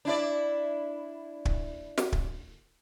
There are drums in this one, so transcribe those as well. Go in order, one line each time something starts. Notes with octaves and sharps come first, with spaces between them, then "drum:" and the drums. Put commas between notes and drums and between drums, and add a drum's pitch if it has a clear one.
D4 E4 D5
drum: kick
drum: snare
drum: kick